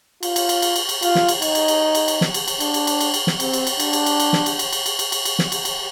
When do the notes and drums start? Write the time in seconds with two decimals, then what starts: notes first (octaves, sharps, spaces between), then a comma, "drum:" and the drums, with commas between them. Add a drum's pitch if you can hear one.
0.23 F4, drum: cymbal
0.36 drum: cymbal
0.49 drum: cymbal
0.62 drum: cymbal
0.76 drum: cymbal
0.89 drum: cymbal
1.02 F4, drum: cymbal
1.15 drum: snare
1.29 drum: cymbal
1.42 D#4, drum: cymbal
1.55 drum: cymbal
1.68 drum: cymbal
1.95 drum: cymbal
2.08 drum: cymbal
2.21 drum: snare
2.34 drum: cymbal
2.48 drum: cymbal
2.60 D4, drum: cymbal
2.74 drum: cymbal
2.87 drum: cymbal
3.01 drum: cymbal
3.14 drum: cymbal
3.27 drum: snare
3.40 C4, drum: cymbal
3.53 drum: cymbal
3.67 drum: cymbal
3.80 D4, drum: cymbal
3.93 drum: cymbal
4.06 drum: cymbal
4.20 drum: cymbal
4.33 drum: snare
4.46 drum: cymbal
4.59 drum: cymbal
4.72 drum: cymbal
4.86 drum: cymbal
4.99 drum: cymbal
5.12 drum: cymbal
5.25 drum: cymbal
5.39 drum: snare
5.52 drum: cymbal
5.65 drum: cymbal